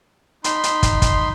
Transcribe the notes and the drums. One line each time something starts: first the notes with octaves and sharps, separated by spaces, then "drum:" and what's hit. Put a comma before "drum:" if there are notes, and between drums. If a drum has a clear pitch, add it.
D#4 B5 C6, drum: hi-hat
drum: hi-hat
drum: kick, hi-hat
drum: kick, hi-hat